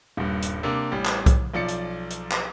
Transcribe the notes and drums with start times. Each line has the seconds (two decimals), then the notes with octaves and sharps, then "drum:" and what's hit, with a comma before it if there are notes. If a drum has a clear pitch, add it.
0.17 D#1 G2
0.42 drum: hi-hat
0.63 C3 A#3 D4
0.92 A1 G3
1.05 drum: clap
1.26 drum: kick B1, hi-hat
1.53 B1 F3 D5 C#7
1.68 drum: hi-hat
2.10 drum: hi-hat
2.31 drum: clap